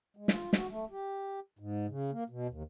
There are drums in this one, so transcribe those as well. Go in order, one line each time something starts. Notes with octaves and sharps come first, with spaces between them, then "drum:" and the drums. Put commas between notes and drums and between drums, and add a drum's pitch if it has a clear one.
G#3
F4, drum: snare
F#4, drum: snare
A3
G4
G#2
C#3
A#3
B2
D#2